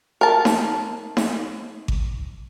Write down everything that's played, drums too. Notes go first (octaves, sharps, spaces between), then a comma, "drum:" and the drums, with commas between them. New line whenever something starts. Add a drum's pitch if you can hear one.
A#4 A5
drum: snare D#4
drum: snare D#4
drum: kick G#1